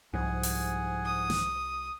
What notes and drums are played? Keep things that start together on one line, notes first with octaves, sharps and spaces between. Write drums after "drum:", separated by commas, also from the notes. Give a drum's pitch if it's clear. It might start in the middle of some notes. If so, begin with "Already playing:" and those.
C2 G#2 F3 G#4 F#5 G#5
drum: open hi-hat
D#6
drum: snare